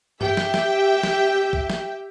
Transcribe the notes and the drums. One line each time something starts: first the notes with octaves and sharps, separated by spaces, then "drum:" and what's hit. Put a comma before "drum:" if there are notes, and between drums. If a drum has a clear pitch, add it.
G4 E5 G5, drum: tom G2
drum: snare
drum: snare
drum: snare
drum: kick
drum: snare